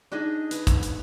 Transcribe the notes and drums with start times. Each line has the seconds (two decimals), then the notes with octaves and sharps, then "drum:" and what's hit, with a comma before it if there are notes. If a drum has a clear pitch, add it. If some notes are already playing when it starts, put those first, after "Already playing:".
0.12 D4 D#4 G#4 D#5
0.51 B4, drum: hi-hat
0.67 drum: kick, hi-hat
0.83 drum: hi-hat